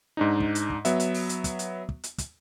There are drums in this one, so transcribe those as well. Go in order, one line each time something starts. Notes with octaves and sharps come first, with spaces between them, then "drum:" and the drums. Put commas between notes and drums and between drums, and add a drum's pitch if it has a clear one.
G#2 D4 D#4
drum: kick
drum: hi-hat
drum: kick
F#3 B3 E5, drum: hi-hat
drum: hi-hat
drum: open hi-hat
drum: hi-hat
drum: kick, hi-hat
drum: hi-hat
drum: kick
drum: hi-hat
drum: kick, hi-hat